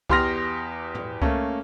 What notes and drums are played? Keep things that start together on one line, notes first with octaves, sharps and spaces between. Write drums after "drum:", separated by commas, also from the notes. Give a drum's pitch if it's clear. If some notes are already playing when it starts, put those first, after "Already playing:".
E2 G4 C6 F6 A#6 F7, drum: kick C2
drum: tom
A3 A#3 C#4, drum: kick C2